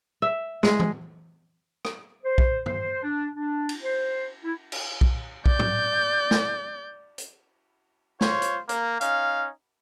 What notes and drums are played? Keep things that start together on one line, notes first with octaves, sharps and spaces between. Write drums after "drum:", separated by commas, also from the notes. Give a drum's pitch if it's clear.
E5
G#3, drum: snare
drum: tom E3
drum: rim click
C5
drum: kick B1
C5, drum: tom G2
D4
D4
drum: cymbal
C5
E4
drum: cymbal
drum: kick B1
D5 G6, drum: kick B1
drum: tom G#2
drum: snare
drum: hi-hat
F4 C5 C#5, drum: snare
drum: hi-hat
A#3, drum: hi-hat
C#4 D#4 F5, drum: hi-hat